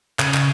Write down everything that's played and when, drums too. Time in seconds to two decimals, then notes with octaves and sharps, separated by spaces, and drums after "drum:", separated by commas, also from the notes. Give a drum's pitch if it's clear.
0.19 C#3, drum: clap
0.34 drum: clap